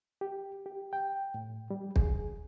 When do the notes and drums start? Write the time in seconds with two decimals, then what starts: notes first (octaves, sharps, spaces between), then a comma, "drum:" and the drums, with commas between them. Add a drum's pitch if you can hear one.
0.21 G4
0.66 G4
0.93 G5
1.34 A2
1.70 G3
1.96 G#4, drum: kick